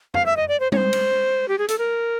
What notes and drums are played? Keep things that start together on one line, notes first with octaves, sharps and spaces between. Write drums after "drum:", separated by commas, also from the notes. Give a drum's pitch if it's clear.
F5, drum: tom
E5
D#5
D5
C5
C#5, drum: tom G3
C5
drum: cymbal
G4
G#4
A4, drum: hi-hat
A#4